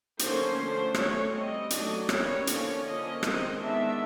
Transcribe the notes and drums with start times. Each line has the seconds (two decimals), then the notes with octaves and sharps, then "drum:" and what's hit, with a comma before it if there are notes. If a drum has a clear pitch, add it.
0.19 D3 F#3 A#3 C#4 C5, drum: hi-hat
0.57 D3 F3 A3
0.94 F#3 A3 C#4 C#5, drum: rim click
1.32 G3 C4 D#5
1.70 F#3 A3 D4, drum: hi-hat
2.09 G3 A#3 C#4 C#5, drum: rim click
2.47 D3 F3 A#3 C#4, drum: hi-hat
2.85 F3 A#3 C#4 D#5
3.23 D#3 G#3 C4, drum: rim click
3.61 D#3 G#3 B3 D4 E5